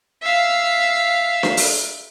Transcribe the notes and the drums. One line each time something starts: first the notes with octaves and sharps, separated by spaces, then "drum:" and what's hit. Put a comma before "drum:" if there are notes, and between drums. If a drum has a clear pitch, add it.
E5 F5
drum: snare D4
drum: open hi-hat